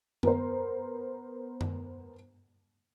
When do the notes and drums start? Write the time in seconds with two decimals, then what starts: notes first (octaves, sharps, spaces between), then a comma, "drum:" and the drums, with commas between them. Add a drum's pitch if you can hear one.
0.23 B3 A#4 C5, drum: tom F#2
1.61 drum: tom F#2